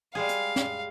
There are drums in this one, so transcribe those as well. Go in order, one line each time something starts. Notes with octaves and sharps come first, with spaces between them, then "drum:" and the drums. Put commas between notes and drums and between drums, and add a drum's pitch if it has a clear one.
G3 G#3 G#4 F5
drum: hi-hat
drum: snare